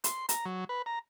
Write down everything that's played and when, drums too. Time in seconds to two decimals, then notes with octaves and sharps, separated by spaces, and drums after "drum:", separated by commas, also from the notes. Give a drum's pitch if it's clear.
0.04 C6, drum: hi-hat
0.29 A#5, drum: hi-hat
0.46 F#3
0.69 B4
0.86 A#5